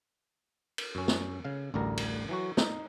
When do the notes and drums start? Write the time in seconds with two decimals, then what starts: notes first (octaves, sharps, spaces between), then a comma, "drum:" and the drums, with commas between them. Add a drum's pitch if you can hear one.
0.78 drum: cymbal
0.95 F#2 C#4
1.08 drum: snare
1.45 C#3 F5
1.74 A1 D2 D3 G3 A#4 A#5
1.98 drum: cymbal
2.29 E3 F#3 F#4
2.57 D#4, drum: snare